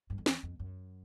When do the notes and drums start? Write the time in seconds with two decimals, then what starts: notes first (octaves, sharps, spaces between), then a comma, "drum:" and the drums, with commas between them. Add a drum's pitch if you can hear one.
0.10 G2
0.18 F2
0.26 E2, drum: snare
0.43 F2
0.59 F#2